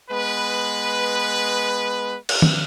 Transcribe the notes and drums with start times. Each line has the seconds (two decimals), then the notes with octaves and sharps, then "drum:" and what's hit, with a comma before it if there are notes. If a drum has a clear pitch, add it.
0.10 G#3 B3 B4
2.29 drum: cymbal
2.42 drum: tom